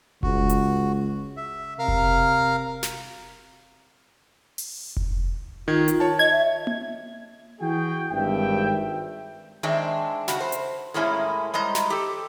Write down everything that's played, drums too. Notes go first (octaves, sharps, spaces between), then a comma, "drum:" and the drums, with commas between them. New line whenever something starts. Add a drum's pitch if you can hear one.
C#2 F#4, drum: kick F1
drum: hi-hat
E5
C3 A#4 F5
drum: kick F1
drum: snare
drum: open hi-hat
drum: kick F1
D#3 F4 G#6
F4, drum: hi-hat
C#5 A5
D#5 G#6
E5
drum: tom A#3
E3 F#4 G#4 G5
G#1 G2 E5 G5
D#3 G#3 C4 D4 E5
C#3 F#4, drum: snare
C5
drum: hi-hat
A2 G#3 A#3 C#4 E4
G3 G#3 C5 D#5 A#5
drum: snare
G4 A4